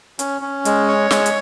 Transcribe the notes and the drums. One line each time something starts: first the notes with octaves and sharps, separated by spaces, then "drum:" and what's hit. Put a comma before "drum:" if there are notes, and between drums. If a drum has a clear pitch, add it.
C#4, drum: hi-hat
C#4
G#3, drum: hi-hat
C#5
G#3, drum: snare
drum: hi-hat